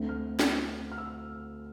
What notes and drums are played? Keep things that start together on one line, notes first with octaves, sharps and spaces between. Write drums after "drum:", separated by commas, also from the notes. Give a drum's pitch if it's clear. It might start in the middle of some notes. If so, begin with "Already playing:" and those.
Already playing: D2 D3 A3 C4
F6
drum: snare
F6
E6